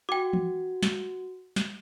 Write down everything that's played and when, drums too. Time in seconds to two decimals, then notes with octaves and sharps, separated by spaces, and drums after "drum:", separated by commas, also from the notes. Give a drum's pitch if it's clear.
0.09 F#4 G5 D6
0.33 drum: tom E3
0.83 drum: snare
1.56 drum: snare